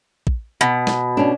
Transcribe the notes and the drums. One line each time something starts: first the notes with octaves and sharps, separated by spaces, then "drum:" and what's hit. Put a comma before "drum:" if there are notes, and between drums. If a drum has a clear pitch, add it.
drum: kick
B2
drum: snare
C#4 D4